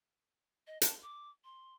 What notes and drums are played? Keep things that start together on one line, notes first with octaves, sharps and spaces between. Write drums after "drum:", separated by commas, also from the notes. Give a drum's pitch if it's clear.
D#5
A5, drum: hi-hat
D6
C6